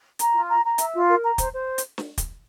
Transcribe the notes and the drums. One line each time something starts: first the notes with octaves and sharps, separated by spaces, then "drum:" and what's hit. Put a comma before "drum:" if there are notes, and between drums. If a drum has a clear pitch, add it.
A#5, drum: hi-hat
F4
A#5
A#5
E5, drum: hi-hat
F4
A#4
A#5
C5, drum: kick, hi-hat
C5
drum: hi-hat
drum: snare
drum: kick, hi-hat